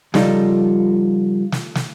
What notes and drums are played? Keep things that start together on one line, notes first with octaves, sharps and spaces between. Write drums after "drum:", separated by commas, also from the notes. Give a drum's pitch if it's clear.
C#3 F3 G3 D#4 F4 A4, drum: snare
drum: snare
drum: snare